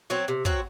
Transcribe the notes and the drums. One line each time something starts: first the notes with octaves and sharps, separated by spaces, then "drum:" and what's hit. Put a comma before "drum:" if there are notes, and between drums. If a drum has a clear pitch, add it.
F#3 C4 F#4
C3
F#3 C4 F#4, drum: kick